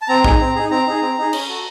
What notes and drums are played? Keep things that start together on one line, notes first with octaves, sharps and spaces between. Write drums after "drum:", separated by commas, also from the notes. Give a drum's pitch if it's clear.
A5
C4 A#5
D#4 G#4, drum: kick
C4
D#4 G#4
C4 A#5
D#4 G#4
C4
D#4 G#4
C#4, drum: cymbal
F#4 A4